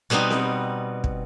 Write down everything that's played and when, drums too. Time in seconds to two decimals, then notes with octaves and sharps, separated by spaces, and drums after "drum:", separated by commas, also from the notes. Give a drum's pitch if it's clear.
0.10 B2 G3 B3 C4 D#4
0.30 drum: snare C4
1.04 drum: kick